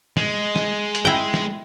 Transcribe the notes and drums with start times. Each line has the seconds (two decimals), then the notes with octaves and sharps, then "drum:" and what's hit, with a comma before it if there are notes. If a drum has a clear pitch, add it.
0.17 G#3, drum: snare
0.56 drum: snare
0.95 drum: hi-hat
1.05 E4 G5
1.34 drum: snare